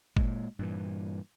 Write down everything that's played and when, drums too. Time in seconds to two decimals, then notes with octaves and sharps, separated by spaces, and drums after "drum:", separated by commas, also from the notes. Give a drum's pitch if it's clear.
0.17 A#2 G#3, drum: kick G1
0.59 G2 A#2 E3